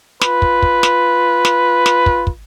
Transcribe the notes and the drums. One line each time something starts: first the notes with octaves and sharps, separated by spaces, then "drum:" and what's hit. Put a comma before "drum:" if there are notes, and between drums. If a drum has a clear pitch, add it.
F4 B4, drum: snare
drum: kick
drum: kick
drum: snare
drum: snare
drum: snare
drum: kick
drum: kick